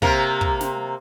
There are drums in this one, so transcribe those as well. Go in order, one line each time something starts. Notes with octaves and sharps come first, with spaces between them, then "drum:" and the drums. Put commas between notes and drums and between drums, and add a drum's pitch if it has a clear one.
C3 A#3 A#4, drum: kick
drum: kick
drum: snare